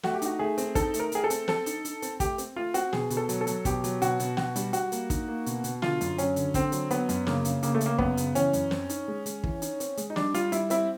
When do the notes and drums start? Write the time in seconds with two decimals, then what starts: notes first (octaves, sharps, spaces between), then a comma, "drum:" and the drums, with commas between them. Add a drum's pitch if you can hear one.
0.03 A3 F#4, drum: snare
0.14 G4
0.22 D#4 F#4, drum: hi-hat
0.39 A3 G#4
0.58 C4, drum: hi-hat
0.75 D#4 A4, drum: kick, hi-hat
0.94 A3, drum: hi-hat
1.00 A#4
1.12 A3 G#4, drum: hi-hat
1.24 A4
1.30 C4, drum: hi-hat
1.48 C4 A4, drum: snare
1.66 D#4, drum: hi-hat
1.85 D#4, drum: hi-hat
2.02 C4, drum: hi-hat
2.20 A3 G4, drum: kick, hi-hat
2.38 C4, drum: hi-hat
2.56 A3 F4
2.74 C4 F#4, drum: hi-hat
2.93 B2 G#4, drum: snare
3.10 B2, drum: hi-hat
3.17 A4
3.29 F#3, drum: hi-hat
3.41 A4
3.47 F#3, drum: hi-hat
3.65 B2 G4, drum: kick, hi-hat
3.84 F#3, drum: hi-hat
4.02 B2 F#4, drum: hi-hat
4.20 B2, drum: hi-hat
4.37 B2 F#4, drum: snare
4.56 G3, drum: hi-hat
4.73 G3 F#4, drum: hi-hat
4.92 A#3, drum: hi-hat
5.10 D#4, drum: kick, hi-hat
5.28 A#3
5.46 B2, drum: hi-hat
5.64 B2, drum: hi-hat
5.82 D3 F4, drum: snare
6.01 F#2, drum: hi-hat
6.18 F#3 C#4, drum: hi-hat
6.36 D3, drum: hi-hat
6.54 D3 C4, drum: kick, hi-hat
6.72 F#3, drum: hi-hat
6.90 F#3 B3, drum: hi-hat
7.09 F#2, drum: hi-hat
7.27 C#3 A#3, drum: snare
7.45 C#3, drum: hi-hat
7.63 C#3 A#3, drum: hi-hat
7.75 A3
7.81 C#3, drum: hi-hat
7.86 A#3
7.98 F#2 B3, drum: kick
8.17 C#3, drum: hi-hat
8.35 E3 C#4, drum: hi-hat
8.53 F#2, drum: hi-hat
8.71 C4, drum: snare
8.89 D#4, drum: hi-hat
9.08 G#3
9.26 G#3, drum: hi-hat
9.44 E3, drum: kick
9.62 D#4, drum: hi-hat
9.80 C4, drum: hi-hat
9.97 G#3, drum: hi-hat
10.10 D#4
10.16 G3 D4, drum: snare
10.34 G3 F4, drum: hi-hat
10.52 G3 E4, drum: hi-hat
10.70 C4 E4, drum: hi-hat